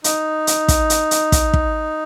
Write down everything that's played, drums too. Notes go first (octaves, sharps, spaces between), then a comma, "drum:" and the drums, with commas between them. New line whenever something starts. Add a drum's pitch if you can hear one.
D#4, drum: hi-hat
drum: hi-hat
drum: kick, hi-hat
drum: hi-hat
drum: hi-hat
drum: kick, hi-hat
drum: kick